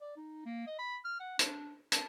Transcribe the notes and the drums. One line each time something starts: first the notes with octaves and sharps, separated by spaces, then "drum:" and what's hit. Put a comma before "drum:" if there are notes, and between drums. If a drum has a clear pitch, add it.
D5
D#4
A#3
D#5
B5
F6
F#5
D4, drum: hi-hat
A5, drum: hi-hat